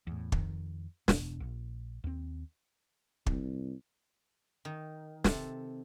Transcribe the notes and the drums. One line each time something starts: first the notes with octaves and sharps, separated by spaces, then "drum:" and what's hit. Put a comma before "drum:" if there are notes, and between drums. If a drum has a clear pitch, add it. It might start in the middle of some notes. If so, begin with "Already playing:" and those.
E2 A2
F2 D#3, drum: kick
E1 E2 B2 D4, drum: snare
A#1
D#2 C4
C2, drum: kick
D#3
C3 A4, drum: snare